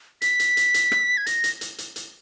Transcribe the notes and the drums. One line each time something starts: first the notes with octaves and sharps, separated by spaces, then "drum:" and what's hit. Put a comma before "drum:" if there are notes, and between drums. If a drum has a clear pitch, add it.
B6, drum: hi-hat
drum: hi-hat
drum: hi-hat
drum: hi-hat
drum: rim click
G#6
A#6, drum: hi-hat
drum: hi-hat
drum: hi-hat
drum: hi-hat
drum: hi-hat